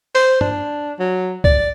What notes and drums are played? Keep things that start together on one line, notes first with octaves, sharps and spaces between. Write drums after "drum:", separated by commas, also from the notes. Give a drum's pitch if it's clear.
C5, drum: open hi-hat
D4, drum: tom
F#3
D5, drum: kick C2